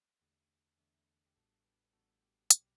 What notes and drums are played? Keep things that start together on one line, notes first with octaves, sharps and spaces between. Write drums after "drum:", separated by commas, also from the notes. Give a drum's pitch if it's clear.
E2 D3 A3 D4 G4
E2 D3 A3 D4
G4
A1 A2 G3 B3 D4 F#4 A4
G4 B4
A1 A2 G3 B3 D4 F#4 A4
G4
B1 B2 F#3 C4 G4, drum: hi-hat